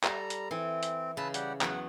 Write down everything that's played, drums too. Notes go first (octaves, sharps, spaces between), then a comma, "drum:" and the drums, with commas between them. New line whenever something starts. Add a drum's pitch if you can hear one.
G3 A4 A#5, drum: clap
drum: hi-hat
E3 C4
drum: hi-hat
C#3 B4 E5 A5
G3 G4 F#5, drum: hi-hat
E2 F#3 B3 F#5, drum: clap